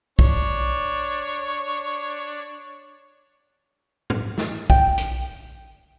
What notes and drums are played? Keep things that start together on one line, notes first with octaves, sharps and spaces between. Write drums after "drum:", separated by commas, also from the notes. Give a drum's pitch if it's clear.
D4 C#5, drum: kick
drum: tom
drum: snare
G5, drum: kick
drum: hi-hat